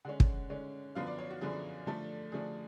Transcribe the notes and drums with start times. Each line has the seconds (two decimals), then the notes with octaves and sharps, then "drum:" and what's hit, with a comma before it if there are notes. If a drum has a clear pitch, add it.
0.05 D3 G#3 C#4 F#5
0.20 drum: kick
0.50 D3 G#3 C#4
0.95 F#2 D3 F3 B3 D4 F5
1.07 D5
1.18 C#5
1.30 F#4
1.41 F#2 D3 F3 B3 D4 G#4
1.86 D3 F3 A3 D4 A4
2.32 D3 F3 A3 D4 G#4